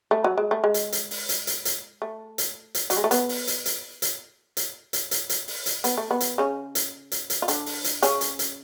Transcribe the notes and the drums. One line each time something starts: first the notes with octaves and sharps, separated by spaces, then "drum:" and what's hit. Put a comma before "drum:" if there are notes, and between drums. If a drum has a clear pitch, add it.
A3
F#3
G#3
A3
G#3
drum: hi-hat
drum: hi-hat
drum: open hi-hat
drum: hi-hat
drum: hi-hat
drum: hi-hat
A3
drum: hi-hat
drum: hi-hat
F#3, drum: hi-hat
G#3
A3
B3, drum: hi-hat
drum: open hi-hat
drum: hi-hat
drum: hi-hat
drum: hi-hat
drum: hi-hat
drum: hi-hat
drum: hi-hat
drum: hi-hat
drum: open hi-hat
drum: hi-hat
B3, drum: hi-hat
A3
B3
drum: hi-hat
C#3 C#4
drum: hi-hat
drum: hi-hat
drum: hi-hat
F4
D3 D4, drum: hi-hat
drum: open hi-hat
drum: hi-hat
C#3 C#4, drum: hi-hat
drum: hi-hat
drum: hi-hat